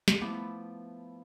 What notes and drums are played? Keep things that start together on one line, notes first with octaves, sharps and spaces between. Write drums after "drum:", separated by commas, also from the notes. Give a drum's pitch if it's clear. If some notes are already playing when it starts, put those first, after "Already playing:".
drum: snare
F3 A3 B3 E4 E5 D6